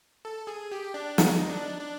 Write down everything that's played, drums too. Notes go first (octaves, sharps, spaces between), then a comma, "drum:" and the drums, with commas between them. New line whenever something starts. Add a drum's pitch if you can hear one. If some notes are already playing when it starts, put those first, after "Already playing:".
A4
G#4
G4
D4
D#4, drum: snare
D4
D4